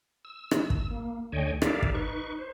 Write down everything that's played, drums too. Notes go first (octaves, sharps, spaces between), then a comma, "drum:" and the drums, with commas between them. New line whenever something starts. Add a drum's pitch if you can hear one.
E6
drum: rim click
drum: kick
A#3
D2 D3 C#5 D#5 G5 G#5
G4 A4 A#4 D5 E5 F5, drum: rim click
drum: kick
D#4 B4 C#6
C5